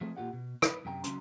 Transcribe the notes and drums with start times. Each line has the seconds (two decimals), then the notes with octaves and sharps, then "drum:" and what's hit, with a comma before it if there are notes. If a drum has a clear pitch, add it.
0.01 F3 A3 C4 G#4
0.17 A#2 F#3 F4 G4 F#5
0.33 B2
0.62 B4, drum: rim click
0.85 F#2 C3 G5 A#5
1.04 C#3 F#3 C#4 A#5 C6, drum: hi-hat